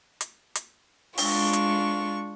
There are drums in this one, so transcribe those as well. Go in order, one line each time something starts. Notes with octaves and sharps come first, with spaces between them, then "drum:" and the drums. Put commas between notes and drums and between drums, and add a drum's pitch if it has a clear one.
drum: hi-hat
drum: hi-hat
G#3 D4 F4 C#6, drum: open hi-hat
drum: hi-hat